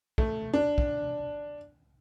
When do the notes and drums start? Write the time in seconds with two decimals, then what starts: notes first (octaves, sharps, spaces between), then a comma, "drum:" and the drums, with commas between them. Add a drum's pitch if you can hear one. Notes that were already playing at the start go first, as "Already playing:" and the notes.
0.18 A3, drum: kick
0.54 D4
0.78 drum: kick